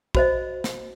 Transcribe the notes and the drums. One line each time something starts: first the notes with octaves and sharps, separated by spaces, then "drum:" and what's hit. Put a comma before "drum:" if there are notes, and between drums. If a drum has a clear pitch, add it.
F#4 C5 D#5, drum: kick
drum: snare